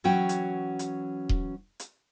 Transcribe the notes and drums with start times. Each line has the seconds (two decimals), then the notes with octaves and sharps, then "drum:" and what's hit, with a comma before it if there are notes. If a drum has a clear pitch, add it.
0.04 E3 F#3 C#4 F#4 F#5 G5
0.29 drum: hi-hat
0.79 drum: hi-hat
1.29 drum: kick D#1
1.80 drum: hi-hat